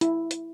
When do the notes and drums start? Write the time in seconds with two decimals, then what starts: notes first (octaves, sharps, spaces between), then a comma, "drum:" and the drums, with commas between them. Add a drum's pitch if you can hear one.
0.01 E4, drum: hi-hat
0.31 drum: hi-hat